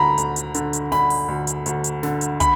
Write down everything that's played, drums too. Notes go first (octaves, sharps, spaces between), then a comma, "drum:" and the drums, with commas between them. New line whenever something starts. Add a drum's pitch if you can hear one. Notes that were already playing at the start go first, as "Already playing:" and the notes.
Already playing: D2 D3 A#5 B5
D2, drum: hi-hat
drum: hi-hat
D3, drum: hi-hat
drum: hi-hat
D3 B5, drum: snare
drum: open hi-hat
D2
drum: hi-hat
D2, drum: hi-hat
drum: hi-hat
D3, drum: snare
drum: hi-hat
B5, drum: kick, hi-hat